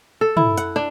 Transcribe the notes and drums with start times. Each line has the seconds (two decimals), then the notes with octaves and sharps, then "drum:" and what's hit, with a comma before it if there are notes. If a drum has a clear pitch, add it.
0.21 A4
0.37 E4, drum: tom
0.58 F#5, drum: hi-hat
0.76 D4